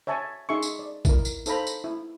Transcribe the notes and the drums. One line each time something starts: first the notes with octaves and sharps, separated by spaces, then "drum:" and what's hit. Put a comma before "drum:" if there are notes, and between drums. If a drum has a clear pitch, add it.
C#5 E5 G#5 A5 C#6
D#4 G#4 E5 C6 C#6
drum: tambourine
D5
E4 A#4, drum: kick A#1, tambourine
drum: tambourine
D#4 A4 C5 F5 A#5 B5, drum: tambourine
drum: tambourine
E4